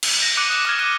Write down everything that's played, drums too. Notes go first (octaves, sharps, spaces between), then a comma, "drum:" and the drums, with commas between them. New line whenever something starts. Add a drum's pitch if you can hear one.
drum: cymbal
A#6
D6 F#6 C#7 D#7
D#6 E7
D6 F6 F#6 G#6
F6 D#7 E7 G7